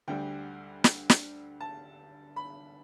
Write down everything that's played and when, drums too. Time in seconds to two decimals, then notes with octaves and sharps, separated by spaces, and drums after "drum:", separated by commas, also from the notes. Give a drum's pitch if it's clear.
0.08 D2 D3 G3 G5
0.84 drum: snare
1.10 drum: snare
1.60 A5
2.36 B5